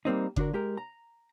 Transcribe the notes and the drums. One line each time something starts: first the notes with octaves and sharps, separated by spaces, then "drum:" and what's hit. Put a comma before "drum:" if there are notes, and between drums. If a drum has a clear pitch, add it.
G3 A#3 C4 D#4
D3 D4 F#4 A#4, drum: kick F#1
G#3 G4 A#4
A#5